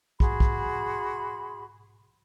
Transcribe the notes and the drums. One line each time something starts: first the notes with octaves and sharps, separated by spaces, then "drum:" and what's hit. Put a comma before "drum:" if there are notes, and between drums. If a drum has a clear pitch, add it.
F#4 G#4 B5 C6, drum: kick
drum: kick